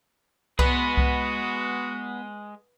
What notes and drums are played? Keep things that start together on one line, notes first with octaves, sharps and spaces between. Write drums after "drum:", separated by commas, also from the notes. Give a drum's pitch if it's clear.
G#3 B3 F#4 G#4, drum: kick C2
drum: kick C2